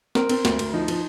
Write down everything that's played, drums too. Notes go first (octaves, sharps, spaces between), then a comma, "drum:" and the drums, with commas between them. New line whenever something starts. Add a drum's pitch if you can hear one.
C4 A#4, drum: snare
C4, drum: cymbal
D2, drum: snare
D2, drum: cymbal
F3 D#4
F3, drum: cymbal